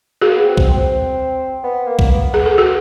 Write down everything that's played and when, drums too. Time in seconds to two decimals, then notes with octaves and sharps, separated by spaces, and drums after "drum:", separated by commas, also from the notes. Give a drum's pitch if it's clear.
0.21 A#3 F#4 G#4
0.35 B3
0.46 C4
0.57 drum: kick B1
0.69 C4
1.64 B3
1.87 A#3
1.99 drum: kick B1
2.11 B3
2.34 G#4
2.46 A4
2.58 F#4 G#4